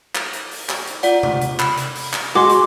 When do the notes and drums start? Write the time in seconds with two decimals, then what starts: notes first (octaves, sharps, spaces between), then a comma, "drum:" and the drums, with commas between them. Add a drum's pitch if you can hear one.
0.15 drum: clap
0.33 drum: hi-hat
0.51 drum: open hi-hat
0.69 drum: clap
0.87 drum: hi-hat
1.03 F4 D5 F#5, drum: hi-hat
1.23 drum: tom C3
1.41 drum: hi-hat
1.59 B5, drum: clap
1.77 drum: hi-hat
1.95 drum: open hi-hat
2.13 drum: clap
2.35 G#3 F#4 C6 D6
2.49 drum: hi-hat